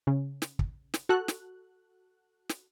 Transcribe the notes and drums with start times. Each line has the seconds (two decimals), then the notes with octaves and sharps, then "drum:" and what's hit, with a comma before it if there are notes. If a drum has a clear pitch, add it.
0.07 C#3
0.42 drum: snare
0.59 drum: kick
0.94 drum: snare
1.09 F#4 A4 F#6
1.28 drum: snare
2.49 drum: snare